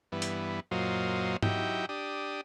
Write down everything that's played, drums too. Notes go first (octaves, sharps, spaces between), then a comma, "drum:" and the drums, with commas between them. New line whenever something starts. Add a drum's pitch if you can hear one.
G2 E3 B3
drum: hi-hat
F#2 A#2 F#3 F4 C5 D#5
F#3 D#4 E4 G4 G5, drum: tom
D4 G4 D#6